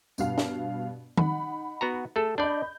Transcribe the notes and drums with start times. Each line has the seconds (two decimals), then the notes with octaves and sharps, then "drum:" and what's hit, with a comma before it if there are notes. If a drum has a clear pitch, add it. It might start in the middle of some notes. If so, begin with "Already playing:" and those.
0.18 G2 B2 F5, drum: tambourine
0.38 drum: snare
1.17 D#4 F#5 B5, drum: tom D#3
1.81 B3 F#4 A#5
2.16 A3 G#4 A4
2.38 D4 D5 D#5 B5 G6